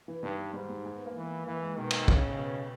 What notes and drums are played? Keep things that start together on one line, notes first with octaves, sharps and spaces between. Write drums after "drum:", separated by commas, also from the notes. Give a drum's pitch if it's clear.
E3
G2 D#3
G#2 G3
G3
G#3
B3
A#3
E3 B3
E3 A#3
G#3
B2 D#3
drum: cymbal
C#3, drum: kick
B2